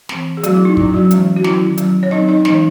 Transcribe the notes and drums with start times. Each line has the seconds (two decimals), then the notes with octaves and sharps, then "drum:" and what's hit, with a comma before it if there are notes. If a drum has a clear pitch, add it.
0.09 E3 C4, drum: snare
0.37 G#4
0.43 F#3 A3 C4 F#4, drum: hi-hat
0.54 E4
0.65 D#4
0.77 F#3 C#4 E4, drum: kick
0.94 F#3 F#4
1.11 E3 G#3 C#4, drum: hi-hat
1.37 F#4
1.44 D#3 F#3 C#4 E4, drum: snare
1.78 F#3, drum: hi-hat
1.83 C#4
2.03 C#5
2.11 F#3 C4 D#4 D#5
2.28 D#4 D#5
2.45 E3 G#3 C#4 D#4 D#5, drum: snare